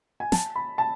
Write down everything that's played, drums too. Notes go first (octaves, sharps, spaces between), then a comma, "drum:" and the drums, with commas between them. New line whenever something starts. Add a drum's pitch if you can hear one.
G#5
A5, drum: snare
B5
A5